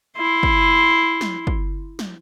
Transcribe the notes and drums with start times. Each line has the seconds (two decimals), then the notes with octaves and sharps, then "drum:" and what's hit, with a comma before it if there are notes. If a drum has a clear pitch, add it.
0.17 E4 C6
0.43 drum: kick
1.21 drum: snare
1.47 drum: kick
1.99 drum: snare